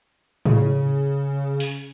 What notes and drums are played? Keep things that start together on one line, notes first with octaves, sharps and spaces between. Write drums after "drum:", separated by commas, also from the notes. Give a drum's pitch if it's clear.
C#3, drum: tom A2
drum: open hi-hat